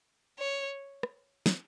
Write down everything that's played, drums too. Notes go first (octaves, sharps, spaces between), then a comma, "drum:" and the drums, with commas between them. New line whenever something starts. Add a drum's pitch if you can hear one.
C#5
drum: rim click
drum: snare